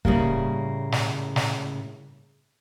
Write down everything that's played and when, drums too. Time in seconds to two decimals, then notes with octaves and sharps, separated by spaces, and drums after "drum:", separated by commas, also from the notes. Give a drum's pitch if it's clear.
0.05 A2 C#3 F#3 G3 A#3, drum: kick
0.92 drum: snare
1.36 drum: snare